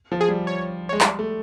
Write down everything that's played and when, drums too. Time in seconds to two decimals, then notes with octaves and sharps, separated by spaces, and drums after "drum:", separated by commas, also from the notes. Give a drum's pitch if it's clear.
0.12 F3
0.21 G#4
0.29 G3
0.47 C#5
0.89 G#3 C#5
1.01 G3 D5, drum: clap
1.19 A3